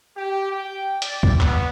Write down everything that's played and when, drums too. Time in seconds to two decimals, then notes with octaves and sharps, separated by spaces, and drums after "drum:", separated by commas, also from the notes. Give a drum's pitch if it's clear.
0.17 G4
0.50 G5
1.02 D5, drum: hi-hat
1.23 drum: kick
1.41 B3, drum: clap